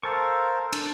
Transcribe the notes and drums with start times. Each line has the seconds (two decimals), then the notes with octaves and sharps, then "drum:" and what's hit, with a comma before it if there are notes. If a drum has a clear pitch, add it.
0.03 A4 A#4 C5 F5 A5 C#6
0.73 D4, drum: cymbal